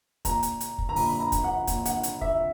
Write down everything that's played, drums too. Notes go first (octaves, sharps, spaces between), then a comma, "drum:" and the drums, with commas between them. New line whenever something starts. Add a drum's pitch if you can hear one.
A#2 A#5, drum: kick, hi-hat
drum: hi-hat
drum: hi-hat
drum: kick
A#5
A#2 B5, drum: open hi-hat
B5
A#5
drum: kick, hi-hat
F#5
A#2, drum: kick, hi-hat
F#5, drum: hi-hat
drum: hi-hat
E5, drum: kick